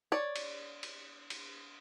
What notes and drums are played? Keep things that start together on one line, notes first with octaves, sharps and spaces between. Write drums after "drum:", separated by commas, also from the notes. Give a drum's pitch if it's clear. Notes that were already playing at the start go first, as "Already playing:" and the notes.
C#5 D5
drum: cymbal
drum: cymbal
drum: cymbal